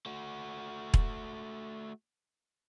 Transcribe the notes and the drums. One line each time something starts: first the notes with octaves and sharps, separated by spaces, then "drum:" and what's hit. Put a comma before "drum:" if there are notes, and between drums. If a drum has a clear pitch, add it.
A3 F#4
drum: kick E1